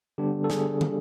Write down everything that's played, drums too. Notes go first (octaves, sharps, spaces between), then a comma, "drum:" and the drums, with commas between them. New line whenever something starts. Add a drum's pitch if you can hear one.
D3 G3 B3 D4 G4
A4
G#4, drum: snare
drum: tom